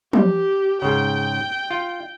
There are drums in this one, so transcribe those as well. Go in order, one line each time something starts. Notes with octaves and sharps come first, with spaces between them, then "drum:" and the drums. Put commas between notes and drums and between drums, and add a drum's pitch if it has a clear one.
G4, drum: tom
G#2 C#3 G5
F4